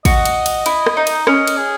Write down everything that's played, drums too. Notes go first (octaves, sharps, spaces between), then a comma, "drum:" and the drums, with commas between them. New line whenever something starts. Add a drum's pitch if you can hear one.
F#4 D#5, drum: kick, cymbal
drum: cymbal
drum: cymbal
E4, drum: cymbal
drum: rim click
D#4
drum: cymbal
C#4 D#5, drum: rim click
drum: cymbal
G#4